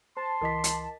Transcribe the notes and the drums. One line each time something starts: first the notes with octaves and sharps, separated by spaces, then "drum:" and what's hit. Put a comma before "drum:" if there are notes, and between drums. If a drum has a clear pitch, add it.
C5 A5 C6
C#2 E3 A#4 D#5 D6 B6
drum: hi-hat